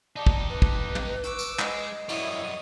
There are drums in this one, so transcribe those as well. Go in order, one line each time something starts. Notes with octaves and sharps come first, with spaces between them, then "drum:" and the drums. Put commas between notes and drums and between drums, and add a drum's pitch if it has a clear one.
D#4 G4 D5 A5
drum: kick
B4 A5
drum: kick
drum: tom
C#6 D6 E6, drum: hi-hat
drum: tambourine
G#3 D#5, drum: clap
F#2 G3 E4 C#5 D#6, drum: cymbal